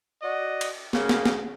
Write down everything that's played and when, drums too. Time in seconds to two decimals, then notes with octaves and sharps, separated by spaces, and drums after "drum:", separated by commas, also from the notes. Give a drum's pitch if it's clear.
0.21 F#4 D5 D#5
0.61 drum: cymbal
0.93 C#3 A#3, drum: snare
1.09 drum: snare
1.25 drum: snare